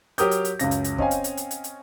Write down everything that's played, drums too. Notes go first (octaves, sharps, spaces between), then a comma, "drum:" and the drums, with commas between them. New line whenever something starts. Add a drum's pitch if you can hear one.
F#3 G4 A#4 D#6 G6, drum: hi-hat
drum: hi-hat
drum: hi-hat
C#2 F#2 C#3 A#6, drum: hi-hat
drum: hi-hat
drum: hi-hat
C4 C#4 D#5 F5 G5 G#5, drum: kick
drum: hi-hat
drum: hi-hat
drum: hi-hat
drum: hi-hat
drum: hi-hat